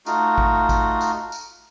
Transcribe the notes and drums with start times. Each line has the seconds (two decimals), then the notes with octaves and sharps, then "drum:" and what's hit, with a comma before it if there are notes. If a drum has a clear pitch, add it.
0.06 A3 D#4 F4 F#4, drum: tambourine
0.38 drum: kick A1
0.69 drum: kick A1, tambourine
1.01 drum: tambourine
1.32 drum: tambourine